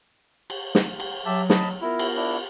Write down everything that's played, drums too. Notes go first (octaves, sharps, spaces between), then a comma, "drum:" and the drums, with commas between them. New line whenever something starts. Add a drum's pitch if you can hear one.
drum: cymbal
drum: snare
drum: cymbal
F#3 G4 E5 A5
D#5 A5 B5, drum: snare
B3 E4 F4 A#4
drum: cymbal
D4 E4